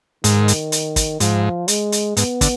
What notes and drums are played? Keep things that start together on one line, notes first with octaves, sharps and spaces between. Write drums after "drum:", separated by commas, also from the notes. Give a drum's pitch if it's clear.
G#2 D#3, drum: hi-hat
drum: hi-hat
drum: hi-hat
drum: kick, hi-hat
G#2 F3, drum: hi-hat
G#3, drum: hi-hat
drum: hi-hat
G#2 B3, drum: hi-hat
D3, drum: kick, hi-hat